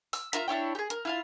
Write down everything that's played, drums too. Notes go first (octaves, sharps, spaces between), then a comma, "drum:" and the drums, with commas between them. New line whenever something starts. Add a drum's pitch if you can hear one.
E6, drum: open hi-hat
F4 A#4 E5 A#5, drum: hi-hat
D4 E4 C#5 G5
G4 G#4
A#4, drum: hi-hat
E4 F4 F5